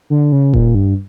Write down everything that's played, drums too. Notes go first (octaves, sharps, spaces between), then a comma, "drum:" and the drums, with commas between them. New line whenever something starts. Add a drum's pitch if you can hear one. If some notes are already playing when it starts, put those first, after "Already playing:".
D3
C#3
A#2, drum: kick E1
G2